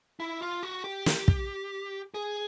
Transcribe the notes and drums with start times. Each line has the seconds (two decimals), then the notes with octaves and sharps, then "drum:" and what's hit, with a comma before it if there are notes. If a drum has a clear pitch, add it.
0.20 E4
0.41 F4
0.63 F#4
0.84 G4
1.06 drum: snare
1.28 drum: kick
2.14 G#4